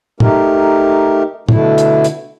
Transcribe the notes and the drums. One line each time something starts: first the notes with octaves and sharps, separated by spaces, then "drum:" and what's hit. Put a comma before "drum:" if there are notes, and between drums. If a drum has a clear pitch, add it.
A3 D#4 G4 A#4, drum: tom A2
B2 D3 A3 E4, drum: tom A2
drum: hi-hat
drum: hi-hat